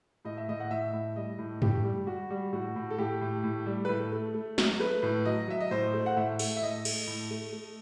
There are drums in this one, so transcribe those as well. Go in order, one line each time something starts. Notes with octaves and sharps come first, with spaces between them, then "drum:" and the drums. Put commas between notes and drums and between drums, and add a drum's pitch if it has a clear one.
A2 D#5
E5
A2 D#5
F#5
A2 E5
A2
G3 D#5
A2
A2 G4, drum: tom F#2
G3
G3 F#4
G3
A2 F#4
A2
A4
A2 G4
A2
A2
G3
B4
A2 A4
A3
A3
F#3, drum: snare
A3 B4
A2
F#3 D#5
F#3 E5
D#5
A2 C5
A3
F#5
A2 E5
A3, drum: open hi-hat
E5
A2 D#5
A3, drum: cymbal
A2
A3
A3